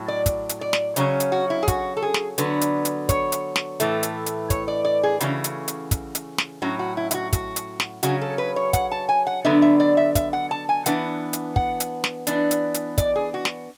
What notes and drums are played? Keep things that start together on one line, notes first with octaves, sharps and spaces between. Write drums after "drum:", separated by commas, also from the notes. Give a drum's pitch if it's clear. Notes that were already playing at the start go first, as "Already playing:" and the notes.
Already playing: A2 F#3
D5
drum: kick, hi-hat
drum: hi-hat
D5
drum: snare
C#3 F#3 C#4 C#5, drum: hi-hat
drum: hi-hat
F#4
E4
G#4
F#4, drum: kick, hi-hat
A4
G#4
drum: snare
D3 F#3 B3 B4, drum: hi-hat
drum: hi-hat
drum: hi-hat
C#5, drum: kick, hi-hat
drum: hi-hat
drum: snare
A2 E3 A3, drum: hi-hat
drum: hi-hat
drum: hi-hat
C#5, drum: kick, hi-hat
D5
D5
G#4
C#3 E3 A3 C#4 F#4, drum: hi-hat
drum: hi-hat
drum: hi-hat
drum: kick, hi-hat
drum: hi-hat
drum: snare
A2 F#3 C#4 F#4
F#4
E4
E4, drum: hi-hat
F#4
F#4, drum: kick, hi-hat
drum: hi-hat
drum: snare
C#3 F#3 C#4 F#4, drum: hi-hat
A4
B4
C#5
F#5, drum: kick, hi-hat
A5
G#5
F#5
D3 F#3 B3 D4 E5
E5
D5
E5
E5, drum: kick, hi-hat
F#5
A5
G#5
E3 B3 D4 F#5, drum: hi-hat
drum: hi-hat
F#5, drum: kick
drum: hi-hat
drum: snare
E3 B3 D4, drum: hi-hat
drum: hi-hat
drum: hi-hat
D5, drum: kick, hi-hat
G#4
F#4
drum: snare